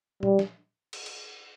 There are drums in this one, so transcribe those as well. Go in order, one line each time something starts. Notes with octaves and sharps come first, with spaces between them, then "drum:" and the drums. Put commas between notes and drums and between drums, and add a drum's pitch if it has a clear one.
G3, drum: tom
drum: snare
drum: cymbal
drum: cymbal